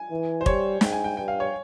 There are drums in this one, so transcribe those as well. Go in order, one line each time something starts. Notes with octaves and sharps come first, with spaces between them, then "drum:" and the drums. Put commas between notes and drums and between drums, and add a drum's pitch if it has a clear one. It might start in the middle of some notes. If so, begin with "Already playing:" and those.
Already playing: G#5
E3
C5
G3 C#5, drum: kick
G#2 G5, drum: snare
G#5
G5
G2 G5
F5
C#5